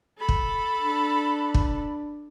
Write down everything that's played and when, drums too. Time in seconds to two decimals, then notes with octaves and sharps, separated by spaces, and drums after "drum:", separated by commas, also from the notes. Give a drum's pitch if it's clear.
0.19 A4 B5
0.29 drum: kick
0.79 D4
1.54 drum: kick